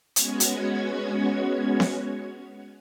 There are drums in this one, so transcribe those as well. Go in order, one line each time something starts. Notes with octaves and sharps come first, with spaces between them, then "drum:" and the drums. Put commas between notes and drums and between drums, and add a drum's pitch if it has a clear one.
G#3 B3 C#4 F#4 C#5 G#6, drum: hi-hat
drum: hi-hat
drum: snare B3